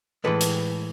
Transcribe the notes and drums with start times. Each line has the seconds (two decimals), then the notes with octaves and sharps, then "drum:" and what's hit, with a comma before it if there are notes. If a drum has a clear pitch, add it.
0.24 A2 E3 G#3 A4 B4
0.41 drum: hi-hat